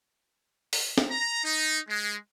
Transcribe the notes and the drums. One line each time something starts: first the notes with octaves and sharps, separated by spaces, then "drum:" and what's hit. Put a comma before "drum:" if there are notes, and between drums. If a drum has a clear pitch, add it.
drum: open hi-hat
drum: snare
A#5
D#4
G#3